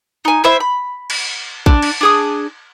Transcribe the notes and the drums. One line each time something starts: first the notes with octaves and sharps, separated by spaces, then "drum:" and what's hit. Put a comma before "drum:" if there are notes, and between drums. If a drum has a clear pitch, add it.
D#4 G#5
E4 C5 E5
B5
drum: cymbal
D4, drum: kick
drum: cymbal
D4 G#4 D#6